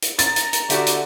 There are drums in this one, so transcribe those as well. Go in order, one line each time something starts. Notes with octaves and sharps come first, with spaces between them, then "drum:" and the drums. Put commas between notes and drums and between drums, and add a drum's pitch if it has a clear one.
drum: hi-hat
A#5 A6, drum: hi-hat
drum: hi-hat
drum: hi-hat
D3 F#4 G4 E5, drum: hi-hat
drum: hi-hat